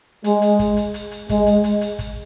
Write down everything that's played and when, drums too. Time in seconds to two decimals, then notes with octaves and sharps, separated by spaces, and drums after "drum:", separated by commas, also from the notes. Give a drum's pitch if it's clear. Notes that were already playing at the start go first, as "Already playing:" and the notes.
0.24 G#3, drum: hi-hat
0.42 drum: hi-hat
0.59 drum: kick, hi-hat
0.77 drum: hi-hat
0.94 drum: hi-hat
1.11 drum: hi-hat
1.29 G#3, drum: kick, hi-hat
1.46 drum: hi-hat
1.64 drum: hi-hat
1.81 drum: hi-hat
1.99 drum: kick, hi-hat